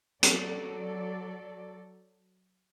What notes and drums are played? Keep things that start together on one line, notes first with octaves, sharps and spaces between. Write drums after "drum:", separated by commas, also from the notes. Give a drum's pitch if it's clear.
F#3 A4 D5, drum: hi-hat